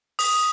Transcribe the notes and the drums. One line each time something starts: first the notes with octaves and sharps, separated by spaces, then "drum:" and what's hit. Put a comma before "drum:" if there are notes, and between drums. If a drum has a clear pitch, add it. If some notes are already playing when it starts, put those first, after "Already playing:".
D#6, drum: open hi-hat